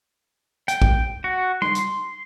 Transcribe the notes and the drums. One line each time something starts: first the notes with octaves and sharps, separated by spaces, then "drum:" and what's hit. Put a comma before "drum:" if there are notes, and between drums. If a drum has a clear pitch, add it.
G5, drum: hi-hat
drum: kick
F#4
C6, drum: tom G3
drum: hi-hat